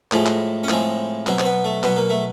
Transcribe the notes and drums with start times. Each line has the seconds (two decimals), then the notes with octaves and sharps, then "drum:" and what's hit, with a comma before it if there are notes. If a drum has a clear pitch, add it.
0.12 A2 F3 G#3, drum: clap
0.26 drum: clap
0.63 C#4
0.69 A2 F3 G#3 C4, drum: clap
1.27 B2 F#3 C4, drum: clap
1.39 C4, drum: clap
1.45 B3
1.64 A3
1.83 B2 F#3 B3, drum: clap
1.96 A#3
2.09 A3